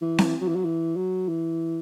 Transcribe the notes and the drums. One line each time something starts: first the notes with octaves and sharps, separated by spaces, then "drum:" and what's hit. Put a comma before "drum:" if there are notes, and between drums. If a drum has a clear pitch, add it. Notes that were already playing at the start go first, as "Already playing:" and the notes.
E3
drum: snare C4
F#3
E3
F#3
E3
F#3
E3